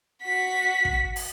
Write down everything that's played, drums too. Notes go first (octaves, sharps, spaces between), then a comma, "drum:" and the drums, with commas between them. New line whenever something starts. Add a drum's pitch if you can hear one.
F#4 B6
drum: kick
drum: open hi-hat